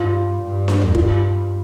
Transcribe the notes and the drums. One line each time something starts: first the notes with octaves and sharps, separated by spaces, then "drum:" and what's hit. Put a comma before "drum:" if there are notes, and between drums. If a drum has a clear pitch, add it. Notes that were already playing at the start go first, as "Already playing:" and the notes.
Already playing: G2 F4
G2
drum: snare D4
drum: tom D#2
G2 F4, drum: kick